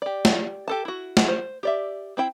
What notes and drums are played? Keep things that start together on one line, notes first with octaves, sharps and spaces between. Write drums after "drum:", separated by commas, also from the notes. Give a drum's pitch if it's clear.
G4 D5
drum: snare
G4 A4 A5
E4 F#4
drum: snare
C5
G4 D5 E5
C4 E4 G5